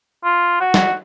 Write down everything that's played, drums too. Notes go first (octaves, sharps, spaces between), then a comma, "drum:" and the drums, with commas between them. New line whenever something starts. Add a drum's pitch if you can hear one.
F4
F#4
drum: snare